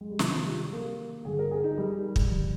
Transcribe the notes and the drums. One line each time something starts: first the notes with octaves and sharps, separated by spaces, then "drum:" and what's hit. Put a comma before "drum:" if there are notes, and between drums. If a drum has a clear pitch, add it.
G#3
G3
C3 D#3 F3 A#3 D4, drum: snare
F3
G3
A#3
G2 D3 G3 G#4
A#4
G#4
D#4
G3
drum: kick
G2 D3 F3